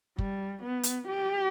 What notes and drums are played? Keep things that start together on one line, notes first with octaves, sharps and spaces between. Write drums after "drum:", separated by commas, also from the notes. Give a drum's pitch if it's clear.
G3, drum: kick
B3
drum: hi-hat
G4